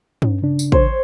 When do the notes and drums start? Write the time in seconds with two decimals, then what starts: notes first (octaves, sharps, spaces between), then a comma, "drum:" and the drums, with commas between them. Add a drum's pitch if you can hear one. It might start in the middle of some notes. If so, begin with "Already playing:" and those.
0.22 C#4, drum: tom G2
0.42 C#3 D4
0.59 drum: tambourine
0.72 C5 C#5, drum: kick